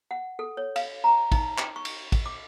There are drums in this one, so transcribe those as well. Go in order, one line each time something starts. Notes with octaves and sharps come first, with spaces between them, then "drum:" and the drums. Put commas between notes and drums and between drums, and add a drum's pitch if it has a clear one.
F#5
A4
C#5
F5, drum: cymbal
A#5
D#4, drum: kick, cymbal
G5, drum: clap
C#6
drum: cymbal
drum: kick, cymbal
D6